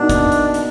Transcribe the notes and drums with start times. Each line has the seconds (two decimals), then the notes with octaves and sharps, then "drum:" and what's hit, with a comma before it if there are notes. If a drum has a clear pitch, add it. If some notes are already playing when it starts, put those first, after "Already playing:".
Already playing: B2 A#3 D4 D#4 F#4
0.09 drum: kick, hi-hat
0.32 drum: hi-hat
0.54 drum: hi-hat